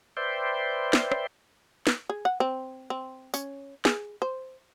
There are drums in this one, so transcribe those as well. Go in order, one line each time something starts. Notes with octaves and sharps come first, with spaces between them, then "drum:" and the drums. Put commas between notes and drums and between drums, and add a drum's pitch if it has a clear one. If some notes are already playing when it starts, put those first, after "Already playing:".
B4 C5 D5 E5 G5 C6
drum: snare
drum: rim click
drum: snare
G#4
F#5
C4
C4
C#4, drum: tambourine
G#4, drum: snare
C5